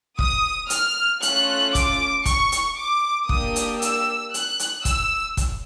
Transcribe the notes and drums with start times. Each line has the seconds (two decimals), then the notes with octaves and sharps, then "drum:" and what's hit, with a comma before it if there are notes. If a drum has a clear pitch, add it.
0.19 D#6, drum: kick
0.70 F6, drum: hi-hat
1.22 A3 C#4 F4 F#6, drum: hi-hat
1.75 D6, drum: kick, hi-hat
2.25 C#6, drum: kick, hi-hat
2.52 drum: hi-hat
2.77 D6
3.29 A#3 D4 G4 D#6, drum: kick
3.56 drum: hi-hat
3.82 E6, drum: hi-hat
4.34 F#6, drum: hi-hat
4.59 drum: hi-hat
4.85 E6, drum: kick, hi-hat
5.37 drum: kick, hi-hat